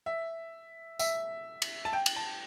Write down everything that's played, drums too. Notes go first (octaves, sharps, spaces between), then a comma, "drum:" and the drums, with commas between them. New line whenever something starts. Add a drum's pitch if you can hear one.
E5
E5, drum: tambourine
drum: cymbal
A5
G5
drum: cymbal
A5